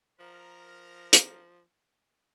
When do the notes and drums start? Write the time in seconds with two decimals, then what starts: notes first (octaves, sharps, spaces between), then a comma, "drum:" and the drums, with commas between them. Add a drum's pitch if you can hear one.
0.20 F3 A#4
1.13 drum: hi-hat